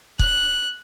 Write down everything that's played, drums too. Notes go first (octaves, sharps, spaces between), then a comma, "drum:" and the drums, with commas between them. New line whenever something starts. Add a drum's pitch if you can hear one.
F#6, drum: kick